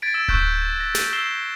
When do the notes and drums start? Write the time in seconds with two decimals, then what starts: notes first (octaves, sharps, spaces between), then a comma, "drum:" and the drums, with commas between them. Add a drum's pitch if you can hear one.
0.02 G#6 A6 B6 D7
0.14 E6 E7
0.28 C#6 E6 F#6 G6 B6, drum: kick D1
0.80 A#6
0.95 drum: snare
1.13 E6 G6 A#6 C7 E7 G7